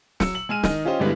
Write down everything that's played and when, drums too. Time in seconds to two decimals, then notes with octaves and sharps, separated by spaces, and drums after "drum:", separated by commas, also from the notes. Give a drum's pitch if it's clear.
0.20 F#3 E6 C#7, drum: snare
0.35 F#7
0.49 G#3 G#5 F6 D#7
0.63 D#3 D#5, drum: snare
0.85 C#4 F4 G4 C5 D#5
1.00 G2 D3 G3 G#3 B3 E4